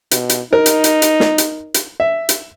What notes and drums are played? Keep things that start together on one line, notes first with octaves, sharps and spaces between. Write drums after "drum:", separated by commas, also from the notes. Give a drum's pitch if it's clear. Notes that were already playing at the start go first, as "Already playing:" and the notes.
B2, drum: hi-hat
drum: hi-hat
D#4 A#4
drum: hi-hat
drum: hi-hat
drum: hi-hat
drum: snare
drum: hi-hat
drum: hi-hat
E5
drum: hi-hat